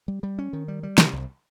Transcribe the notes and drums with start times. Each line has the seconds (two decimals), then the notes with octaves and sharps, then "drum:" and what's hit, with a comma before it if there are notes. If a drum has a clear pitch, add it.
0.08 G3
0.23 G3
0.39 C#4
0.53 D#3
0.68 G3
0.83 G3
0.98 C3, drum: snare
1.13 C2